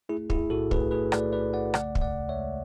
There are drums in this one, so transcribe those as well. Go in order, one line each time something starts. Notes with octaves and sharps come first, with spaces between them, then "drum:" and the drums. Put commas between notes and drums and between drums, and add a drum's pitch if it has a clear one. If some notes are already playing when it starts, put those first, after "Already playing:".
A3 E4 G#4
B1 E4 G#4, drum: kick
A2 F#4 A4
A3 G#4 B4, drum: kick
A3 G#4 B4
A3 B4 D5, drum: rim click
B1 B4 D5
A3 D5 F#5
C#3 D5 F#5, drum: rim click
C#3, drum: kick
D5 F#5
D2
C#5 E5
G#3